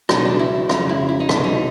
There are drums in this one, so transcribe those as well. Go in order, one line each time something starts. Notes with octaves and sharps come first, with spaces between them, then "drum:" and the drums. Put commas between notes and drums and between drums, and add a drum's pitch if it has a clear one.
C#2 B2 F#3 D4, drum: rim click
D#4
D4
E4
F2 C#3 F#3 F4, drum: rim click
E4
E4
D#4
C2 B2 F#3 D4, drum: rim click
D#4